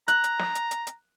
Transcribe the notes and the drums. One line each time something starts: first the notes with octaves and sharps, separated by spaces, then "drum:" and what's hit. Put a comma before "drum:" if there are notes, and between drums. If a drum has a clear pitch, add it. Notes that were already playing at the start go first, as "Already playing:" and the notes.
A#5 F#6, drum: hi-hat
drum: hi-hat
drum: snare
drum: hi-hat
drum: hi-hat
drum: hi-hat